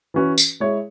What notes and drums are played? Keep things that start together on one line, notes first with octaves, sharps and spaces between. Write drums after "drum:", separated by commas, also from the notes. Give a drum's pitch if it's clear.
E3 C#4 F#4 B4
drum: tambourine
G#3 E4 C#5